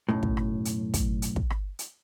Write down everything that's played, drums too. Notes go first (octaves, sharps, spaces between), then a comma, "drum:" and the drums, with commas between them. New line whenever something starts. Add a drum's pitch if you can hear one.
B1 F#2 A2
drum: kick
drum: rim click
drum: hi-hat
drum: kick, hi-hat
drum: hi-hat
drum: kick
drum: rim click
drum: hi-hat